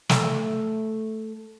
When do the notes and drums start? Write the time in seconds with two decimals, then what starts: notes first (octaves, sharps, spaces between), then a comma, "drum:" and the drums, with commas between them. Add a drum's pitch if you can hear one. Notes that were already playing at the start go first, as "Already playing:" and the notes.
0.09 A3 E5, drum: snare